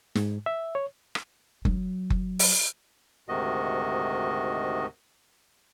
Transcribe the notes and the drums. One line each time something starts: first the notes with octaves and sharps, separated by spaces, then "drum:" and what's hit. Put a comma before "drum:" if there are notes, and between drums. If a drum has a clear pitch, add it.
G#2, drum: snare
E5
C#5
drum: rim click
F#3, drum: kick F#1
drum: kick F#1
drum: open hi-hat
D2 G#2 C3 D#3 F#4 D#5